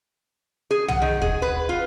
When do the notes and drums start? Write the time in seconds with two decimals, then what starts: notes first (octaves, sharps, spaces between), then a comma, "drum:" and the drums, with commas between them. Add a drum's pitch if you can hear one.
0.71 G#4
0.88 F#5, drum: tom
1.02 D#3
1.22 G#4, drum: kick
1.42 B4
1.69 F4